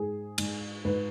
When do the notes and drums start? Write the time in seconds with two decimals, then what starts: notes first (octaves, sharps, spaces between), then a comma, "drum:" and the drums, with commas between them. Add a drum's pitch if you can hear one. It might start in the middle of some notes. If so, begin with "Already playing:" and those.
Already playing: G#2 G#4
0.38 G#2, drum: cymbal
0.85 G#2 B4